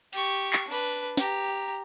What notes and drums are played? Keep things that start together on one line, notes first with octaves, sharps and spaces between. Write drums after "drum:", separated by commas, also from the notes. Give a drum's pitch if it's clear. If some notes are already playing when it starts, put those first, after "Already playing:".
G4 C#6, drum: cymbal
drum: clap
D4 B4
G4 A#5, drum: snare